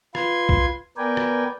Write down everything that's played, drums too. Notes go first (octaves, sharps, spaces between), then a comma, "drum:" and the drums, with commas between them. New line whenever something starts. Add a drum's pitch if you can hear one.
F4 B4 C6 G#6, drum: rim click
drum: kick B1
B3 A#4 B4 D5 G5 G#5
drum: rim click